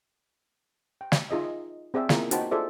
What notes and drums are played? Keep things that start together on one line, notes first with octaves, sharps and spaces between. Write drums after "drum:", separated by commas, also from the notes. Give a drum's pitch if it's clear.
G5
drum: snare
D#4 F4 G#4 D#5 E5
C4 G#4 D5 E5 G5
A#3 B3 E4 F4 G#4 A#4, drum: snare
D#4 F#4 C5 G5 A5 B5, drum: hi-hat
F4 G#4 A4 C5 D5 E5